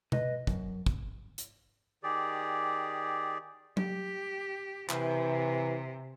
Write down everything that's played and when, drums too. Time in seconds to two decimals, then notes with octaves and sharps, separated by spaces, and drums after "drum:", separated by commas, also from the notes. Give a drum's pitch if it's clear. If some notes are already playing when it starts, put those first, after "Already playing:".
0.12 B4 D#5, drum: tom B2
0.47 F#2, drum: kick
0.86 drum: kick
1.38 drum: hi-hat
2.03 D#3 G4 G#4 D5
3.77 G4, drum: tom F#3
4.90 C3 E3, drum: clap